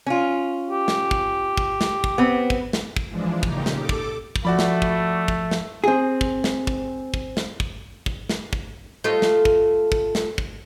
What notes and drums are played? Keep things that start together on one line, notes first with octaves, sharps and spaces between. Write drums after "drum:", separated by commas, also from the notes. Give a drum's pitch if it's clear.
C#4 F4
G4
drum: snare
drum: kick
drum: kick
drum: snare
drum: kick
B3 C4
drum: kick
drum: snare
drum: kick
E3 F3 G#3 D4
A#2 C#3 D#4 G4, drum: kick
drum: snare
A4 D6
drum: kick
drum: kick
F3 A3 F#4 D5 B5
drum: snare
drum: kick
drum: kick
drum: snare
C4 G#4
drum: kick
drum: snare
drum: kick
drum: kick
drum: snare
drum: kick
drum: kick
drum: snare
drum: kick
A3 F4 D#5
drum: snare
drum: kick
drum: kick
drum: snare
drum: kick